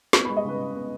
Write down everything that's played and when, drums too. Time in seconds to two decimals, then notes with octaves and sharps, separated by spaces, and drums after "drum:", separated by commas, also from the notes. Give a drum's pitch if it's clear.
0.13 B3 C#6, drum: snare
0.25 B5
0.30 G#3
0.37 D#5
0.44 C#3 B4
0.60 C#3
0.76 B3